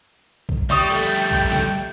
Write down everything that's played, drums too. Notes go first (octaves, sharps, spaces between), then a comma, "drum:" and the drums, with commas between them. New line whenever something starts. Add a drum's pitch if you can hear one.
drum: kick A#1
G3 E5 G5 C#6 D#6, drum: snare
G3 A3
drum: kick A#1
drum: snare